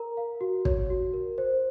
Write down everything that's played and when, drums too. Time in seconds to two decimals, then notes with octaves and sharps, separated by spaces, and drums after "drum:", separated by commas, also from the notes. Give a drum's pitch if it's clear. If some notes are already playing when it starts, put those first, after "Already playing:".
Already playing: A#4 A#5
0.17 F5
0.41 F#4
0.65 C#5, drum: kick
0.90 F#4
1.13 A#4
1.38 C5